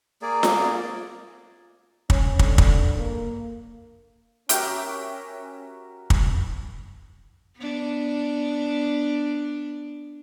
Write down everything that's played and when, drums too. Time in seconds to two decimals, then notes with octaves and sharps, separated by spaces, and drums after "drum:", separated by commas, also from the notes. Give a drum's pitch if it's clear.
0.22 A#3 G#4 D5
0.43 drum: snare F4
2.10 C#4, drum: kick
2.39 D3, drum: kick
2.58 drum: kick
2.97 A#3
4.49 C#4 F#4 G4 A#4 E5 G5 D6, drum: hi-hat
6.10 drum: kick
7.57 B3 D4